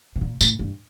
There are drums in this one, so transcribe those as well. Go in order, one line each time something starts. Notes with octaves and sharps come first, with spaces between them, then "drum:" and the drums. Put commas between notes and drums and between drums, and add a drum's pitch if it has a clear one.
C3
A#2
A2, drum: tambourine
G2